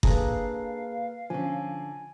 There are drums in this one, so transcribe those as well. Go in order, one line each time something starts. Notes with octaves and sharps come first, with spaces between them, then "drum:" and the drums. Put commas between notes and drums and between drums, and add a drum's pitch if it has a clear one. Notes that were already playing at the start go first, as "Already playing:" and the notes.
A#3 D4 E4 G#4 A4 B4 A#5, drum: kick F#1
F5
D3 F3 C#4 G#5